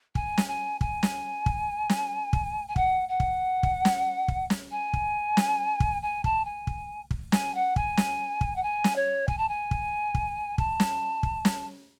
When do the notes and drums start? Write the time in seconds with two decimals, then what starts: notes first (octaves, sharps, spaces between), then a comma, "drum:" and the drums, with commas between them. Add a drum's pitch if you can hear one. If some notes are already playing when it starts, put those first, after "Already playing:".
0.15 G#5, drum: kick
0.38 drum: snare
0.48 G#5
0.81 G#5, drum: kick
1.03 drum: snare
1.46 drum: kick
1.90 drum: snare
2.33 drum: kick
2.68 G#5
2.76 F#5, drum: kick
3.09 F#5
3.20 drum: kick
3.63 drum: kick
3.85 drum: snare
4.28 drum: kick
4.50 drum: snare
4.71 G#5
4.93 drum: kick
5.37 drum: snare
5.80 drum: kick
6.02 G#5
6.24 A5, drum: kick
6.45 G#5
6.67 drum: kick
7.11 drum: kick
7.32 G#5, drum: snare
7.54 F#5
7.76 G#5, drum: kick
7.97 drum: snare
8.41 drum: kick
8.56 F#5
8.63 G#5
8.84 drum: snare
8.96 C#5
9.28 G#5, drum: kick
9.38 A5
9.48 G#5
9.71 drum: kick
10.15 drum: kick
10.58 A5, drum: kick
10.80 drum: snare
11.23 drum: kick
11.45 drum: snare